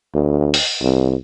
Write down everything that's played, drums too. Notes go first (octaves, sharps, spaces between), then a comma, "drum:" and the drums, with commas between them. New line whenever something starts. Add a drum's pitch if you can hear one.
D2
drum: open hi-hat
C2